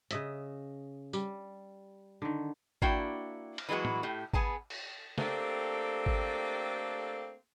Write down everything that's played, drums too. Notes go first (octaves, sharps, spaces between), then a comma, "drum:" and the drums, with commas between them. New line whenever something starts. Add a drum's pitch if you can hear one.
C#3 D#5 E5, drum: hi-hat
G3, drum: tambourine
D3 D#3
A#3 D4 E4 F#4 G5, drum: kick G#1
drum: cymbal
E3 F#3 G#3 B3 F#4
drum: tom
A2 G4
B3 G#4 G#5 A5, drum: kick G#1
drum: cymbal
A3 A#3 C4 D4 G4 A4, drum: snare
drum: kick G#1